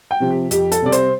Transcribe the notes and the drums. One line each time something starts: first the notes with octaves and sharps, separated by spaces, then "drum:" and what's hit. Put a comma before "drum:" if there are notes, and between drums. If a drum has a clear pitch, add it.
G5
C3 F3 C4
G4
F2 G4, drum: hi-hat
A4, drum: hi-hat
C3 G3 C4 D5
C5, drum: hi-hat